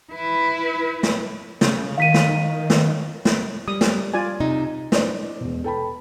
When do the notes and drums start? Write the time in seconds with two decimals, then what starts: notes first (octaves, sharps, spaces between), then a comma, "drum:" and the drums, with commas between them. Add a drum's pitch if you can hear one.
0.13 E4 B4
1.03 drum: snare
1.61 C#3, drum: snare
1.98 D#3 F5 B6 D#7
2.14 drum: snare
2.70 drum: snare
3.25 drum: snare
3.68 G3 D#6
3.81 drum: snare
4.14 F4 D5 G#5
4.40 C3 D#4
4.92 D4 E4 C5 D5 D#5, drum: snare
5.41 E1 B2
5.64 A4 B4 G5 A5 B5